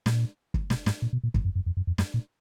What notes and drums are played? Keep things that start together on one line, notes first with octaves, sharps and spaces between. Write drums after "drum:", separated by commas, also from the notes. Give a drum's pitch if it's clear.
A#2, drum: snare
drum: kick
B2, drum: snare
G#2, drum: snare
A#2
B2
A#2
G#2, drum: kick
F#2
F#2
F2
F#2
F2
F#2, drum: snare
A#2